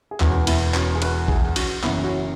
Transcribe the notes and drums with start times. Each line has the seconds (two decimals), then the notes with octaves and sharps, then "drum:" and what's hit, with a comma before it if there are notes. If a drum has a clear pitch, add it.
0.11 G#4
0.20 E1 E2 E3 C#4 F#4, drum: clap
0.47 B3 E4, drum: cymbal
0.74 C#4 F#4, drum: clap
0.95 G#4
1.02 F#4 B4, drum: cymbal
1.28 E4 G#4, drum: kick A#1
1.56 C#4 F#4, drum: cymbal
1.83 F#1 F#2 E3 B3 E4, drum: clap
2.04 C#4 F#4